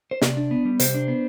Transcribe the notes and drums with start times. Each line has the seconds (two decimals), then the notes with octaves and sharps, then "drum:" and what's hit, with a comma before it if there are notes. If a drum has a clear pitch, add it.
0.11 C5
0.21 C3 D5, drum: snare
0.37 D4
0.51 B3
0.65 G3
0.80 C3 C5, drum: hi-hat
0.94 D4
1.08 B3